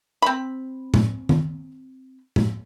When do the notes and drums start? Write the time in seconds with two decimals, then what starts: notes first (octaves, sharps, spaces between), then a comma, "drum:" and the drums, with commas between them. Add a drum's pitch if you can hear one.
0.22 C4 B5
0.94 drum: tom A2
1.29 drum: tom
2.36 drum: tom A2